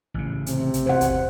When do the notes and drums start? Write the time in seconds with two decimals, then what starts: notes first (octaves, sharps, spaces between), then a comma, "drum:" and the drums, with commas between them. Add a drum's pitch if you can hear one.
0.14 A1 C#3
0.46 C3, drum: hi-hat
0.74 drum: hi-hat
0.86 E2 C5 F#5
1.01 drum: kick, hi-hat